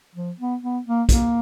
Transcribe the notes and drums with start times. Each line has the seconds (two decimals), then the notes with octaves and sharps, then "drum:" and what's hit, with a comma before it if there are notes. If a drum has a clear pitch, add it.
0.15 F3
0.39 B3
0.63 B3
0.87 A#3
1.09 A#3, drum: kick, hi-hat